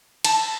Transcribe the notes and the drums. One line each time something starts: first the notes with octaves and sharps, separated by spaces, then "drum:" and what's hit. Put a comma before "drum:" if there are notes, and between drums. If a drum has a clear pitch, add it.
A5, drum: cymbal